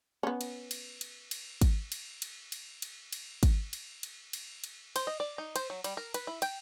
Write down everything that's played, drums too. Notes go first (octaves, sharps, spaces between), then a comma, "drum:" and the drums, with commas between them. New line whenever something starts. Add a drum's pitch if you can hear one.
B3 C#4
drum: cymbal
drum: cymbal
drum: cymbal
drum: cymbal
drum: kick, cymbal
drum: cymbal
drum: cymbal
drum: cymbal
drum: cymbal
drum: cymbal
drum: kick, cymbal
drum: cymbal
drum: cymbal
drum: cymbal
drum: cymbal
C5, drum: cymbal
D#5
D5
D#4
C5, drum: cymbal
F#3
G3, drum: cymbal
A#4
B4, drum: cymbal
E4
G5, drum: cymbal